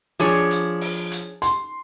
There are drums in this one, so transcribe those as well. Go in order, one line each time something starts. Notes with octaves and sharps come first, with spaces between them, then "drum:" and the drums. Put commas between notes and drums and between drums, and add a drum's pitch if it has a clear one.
F3 D4 G#4 C#5
drum: hi-hat
drum: open hi-hat
drum: hi-hat
C6, drum: hi-hat